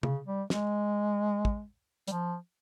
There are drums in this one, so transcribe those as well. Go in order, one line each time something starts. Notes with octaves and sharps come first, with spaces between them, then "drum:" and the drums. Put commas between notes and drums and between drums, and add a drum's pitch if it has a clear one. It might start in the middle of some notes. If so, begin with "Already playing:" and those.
C#3, drum: tom C3
G3
G#3, drum: snare
drum: kick
G3, drum: hi-hat
F3